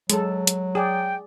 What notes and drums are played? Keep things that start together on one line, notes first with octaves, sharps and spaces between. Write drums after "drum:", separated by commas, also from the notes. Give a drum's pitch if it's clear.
F#3 G#3 A4, drum: hi-hat
drum: hi-hat
G#4 D5 G5